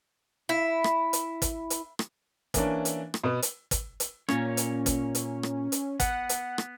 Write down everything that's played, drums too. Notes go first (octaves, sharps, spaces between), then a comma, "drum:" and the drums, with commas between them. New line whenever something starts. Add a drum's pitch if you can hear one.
E4
drum: rim click
drum: hi-hat
drum: kick, hi-hat
drum: hi-hat
drum: rim click
E3 A#3 C#4 D4, drum: kick, hi-hat
drum: hi-hat
drum: rim click
B2 B3
drum: hi-hat
drum: kick, hi-hat
drum: hi-hat
A#2 A#3 C#4 C#5, drum: rim click
drum: hi-hat
drum: kick, hi-hat
drum: hi-hat
drum: rim click
drum: hi-hat
B3 F#5, drum: kick, hi-hat
drum: hi-hat
drum: rim click